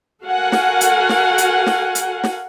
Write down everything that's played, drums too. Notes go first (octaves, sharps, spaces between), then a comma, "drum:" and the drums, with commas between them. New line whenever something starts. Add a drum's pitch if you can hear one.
F#4 A4 A#4 F5 F#5 G#5
drum: snare
drum: hi-hat
drum: snare
drum: hi-hat
drum: snare
drum: hi-hat
drum: snare